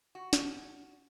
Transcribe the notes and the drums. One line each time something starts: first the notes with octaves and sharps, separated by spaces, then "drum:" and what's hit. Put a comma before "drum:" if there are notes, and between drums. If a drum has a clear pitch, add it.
F#4
drum: snare